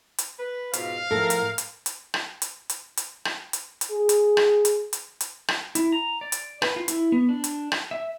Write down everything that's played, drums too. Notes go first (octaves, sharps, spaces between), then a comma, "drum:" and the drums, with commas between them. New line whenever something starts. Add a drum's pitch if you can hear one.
drum: hi-hat
B4
G#2 B2 F4 F5, drum: hi-hat
A2 F3 A4 A#4
drum: hi-hat
drum: hi-hat
drum: hi-hat
drum: rim click
drum: hi-hat
drum: hi-hat
drum: hi-hat
drum: rim click
drum: hi-hat
drum: hi-hat
G#4
drum: hi-hat
drum: rim click
drum: hi-hat
drum: hi-hat
drum: hi-hat
drum: rim click
E4, drum: hi-hat
A#5
D5
drum: hi-hat
B4, drum: rim click
F4
E4, drum: hi-hat
B3
D4
drum: hi-hat
drum: rim click
E5